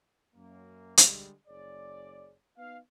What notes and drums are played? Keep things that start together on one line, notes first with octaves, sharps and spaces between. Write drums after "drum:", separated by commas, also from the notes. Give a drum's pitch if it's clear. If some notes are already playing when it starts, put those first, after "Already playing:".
F#2 A#3
D3 G3 G#3, drum: hi-hat
F#1 G#4 C#5 D5
B3 D#4 B4 F5